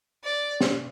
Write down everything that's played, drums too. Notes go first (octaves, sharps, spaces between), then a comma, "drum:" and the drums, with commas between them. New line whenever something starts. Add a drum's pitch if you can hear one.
D5
drum: snare